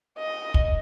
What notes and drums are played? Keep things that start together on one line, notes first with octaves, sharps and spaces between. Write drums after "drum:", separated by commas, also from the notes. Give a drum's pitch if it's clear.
D#5
drum: kick